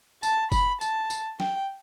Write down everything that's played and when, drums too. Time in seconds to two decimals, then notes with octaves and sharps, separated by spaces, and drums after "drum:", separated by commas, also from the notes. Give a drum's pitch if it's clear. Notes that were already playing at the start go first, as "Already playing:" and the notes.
0.23 A5, drum: tambourine
0.52 B5, drum: kick F#1, tambourine
0.81 A5, drum: tambourine
1.10 drum: tambourine
1.40 G5, drum: snare